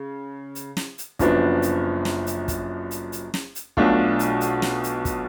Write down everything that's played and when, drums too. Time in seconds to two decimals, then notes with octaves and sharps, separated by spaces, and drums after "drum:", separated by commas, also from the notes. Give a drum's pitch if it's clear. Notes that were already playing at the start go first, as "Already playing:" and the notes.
Already playing: C#3
0.55 drum: hi-hat
0.77 drum: snare
0.98 drum: hi-hat
1.19 F#1 F#2 F3 B3 D4, drum: kick, hi-hat
1.62 drum: hi-hat
2.05 drum: snare
2.27 drum: hi-hat
2.48 drum: kick, hi-hat
2.91 drum: hi-hat
3.12 drum: hi-hat
3.34 drum: snare
3.55 drum: hi-hat
3.77 B1 B2 A3 D4 F4, drum: kick
4.19 drum: hi-hat
4.41 drum: hi-hat
4.62 drum: snare
4.84 drum: hi-hat
5.05 drum: kick, hi-hat